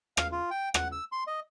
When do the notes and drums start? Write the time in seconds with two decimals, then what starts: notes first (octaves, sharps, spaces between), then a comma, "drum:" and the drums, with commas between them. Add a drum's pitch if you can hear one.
0.17 F5, drum: rim click
0.32 F4
0.51 G5
0.74 F#5, drum: rim click
0.92 E6
1.12 C6
1.27 D#5